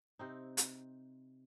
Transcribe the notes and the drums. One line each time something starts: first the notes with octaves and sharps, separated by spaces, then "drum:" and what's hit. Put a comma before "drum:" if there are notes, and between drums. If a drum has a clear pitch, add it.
C3 C4 D#4
drum: hi-hat